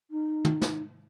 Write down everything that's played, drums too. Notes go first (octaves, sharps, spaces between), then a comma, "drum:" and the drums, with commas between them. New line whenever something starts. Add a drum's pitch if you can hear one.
D#4
drum: tom
drum: snare